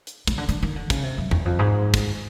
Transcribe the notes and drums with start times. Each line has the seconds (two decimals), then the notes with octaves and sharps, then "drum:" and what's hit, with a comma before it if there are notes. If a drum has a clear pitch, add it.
0.07 drum: hi-hat
0.27 C#3, drum: kick, hi-hat
0.38 D3
0.49 D3, drum: hi-hat
0.62 D#3
0.76 D3
0.90 C#3, drum: kick, hi-hat
1.03 C3
1.18 F#2
1.31 E2, drum: tom F2
1.45 F2
1.59 G#2
1.94 drum: kick, hi-hat